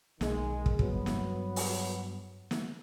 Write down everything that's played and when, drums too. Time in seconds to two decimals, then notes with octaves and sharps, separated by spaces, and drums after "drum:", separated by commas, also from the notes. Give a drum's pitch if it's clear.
0.21 B1 D#3 G#3, drum: snare
0.66 drum: kick
0.79 G2 F#3 B3, drum: kick
1.06 drum: snare
1.56 drum: open hi-hat
2.51 drum: snare